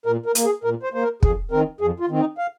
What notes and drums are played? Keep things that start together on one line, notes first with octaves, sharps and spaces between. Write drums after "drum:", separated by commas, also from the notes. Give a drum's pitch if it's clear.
A#2 A#4
A#4
A#3, drum: hi-hat
G#4
A#2 A#4
C5
A#3 C5
A#4
F2 G#4, drum: kick
D#3 C4 A#4
F2 G#4
F4
D#3 C4
D#4
F5